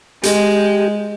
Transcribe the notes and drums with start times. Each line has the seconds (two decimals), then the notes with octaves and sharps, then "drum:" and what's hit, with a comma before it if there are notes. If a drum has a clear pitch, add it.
0.23 G#3 G4, drum: hi-hat